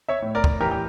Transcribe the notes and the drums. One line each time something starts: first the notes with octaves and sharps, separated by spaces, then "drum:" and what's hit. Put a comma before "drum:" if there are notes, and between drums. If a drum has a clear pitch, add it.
C#5 E5
A2
A#4 D5
drum: kick
E3 G4 A#4
G4